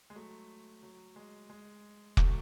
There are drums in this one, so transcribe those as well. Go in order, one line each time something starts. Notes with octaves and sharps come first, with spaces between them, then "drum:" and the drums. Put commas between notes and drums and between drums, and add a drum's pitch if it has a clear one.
G#3
F#3 A3
F#3
G#3
G#3
F#3 A3, drum: kick